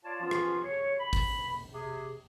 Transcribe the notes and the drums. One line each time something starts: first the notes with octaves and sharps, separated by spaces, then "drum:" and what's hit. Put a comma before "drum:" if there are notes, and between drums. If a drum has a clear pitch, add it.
F4 C#5 D5 F5 A5
E3 F3 B3 C#4 F4
drum: rim click
C#5
B5
drum: kick, open hi-hat
C3 G#4